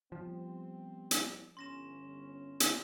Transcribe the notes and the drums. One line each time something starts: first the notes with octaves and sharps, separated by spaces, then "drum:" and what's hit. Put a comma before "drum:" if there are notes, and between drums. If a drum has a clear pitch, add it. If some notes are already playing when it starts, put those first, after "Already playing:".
F3 G3 B3 C4
drum: hi-hat
G1 C#4 C6 A#6 E7
drum: hi-hat